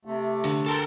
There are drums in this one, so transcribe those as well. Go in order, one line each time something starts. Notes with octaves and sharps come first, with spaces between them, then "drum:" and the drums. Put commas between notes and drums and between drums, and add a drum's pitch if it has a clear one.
C3 A3
D3, drum: open hi-hat
A4 A#4 G5 A5 C6